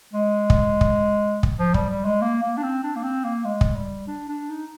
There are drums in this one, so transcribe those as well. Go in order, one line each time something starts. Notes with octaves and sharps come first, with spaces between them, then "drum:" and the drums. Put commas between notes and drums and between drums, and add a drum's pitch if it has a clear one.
G#3
drum: kick
drum: kick
drum: kick
F3
G3, drum: kick
G3
G#3
A#3
A#3
D4
C4
D4
A#3
C4
A#3
G#3
drum: kick
G3
D4
D4
D#4